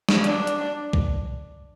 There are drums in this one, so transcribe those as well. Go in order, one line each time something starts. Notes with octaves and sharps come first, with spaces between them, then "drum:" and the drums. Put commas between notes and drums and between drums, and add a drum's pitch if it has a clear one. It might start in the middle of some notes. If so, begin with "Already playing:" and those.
drum: snare
D4, drum: hi-hat
drum: hi-hat
drum: kick